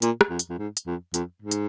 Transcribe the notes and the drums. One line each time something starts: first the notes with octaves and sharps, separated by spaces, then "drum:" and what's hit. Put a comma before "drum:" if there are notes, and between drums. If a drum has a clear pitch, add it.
A#2, drum: hi-hat
drum: rim click
F2
drum: hi-hat
F2
G#2
drum: hi-hat
F2
F2, drum: hi-hat
G#2
drum: hi-hat